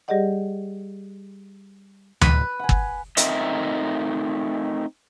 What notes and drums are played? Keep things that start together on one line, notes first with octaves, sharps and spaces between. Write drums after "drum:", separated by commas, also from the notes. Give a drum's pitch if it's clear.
G3 G4 G#4 D5 D#5 F#5
B4, drum: tom D2
F#5 G#5
drum: kick
A3 C4 D#4 A#4 D#5 E5, drum: hi-hat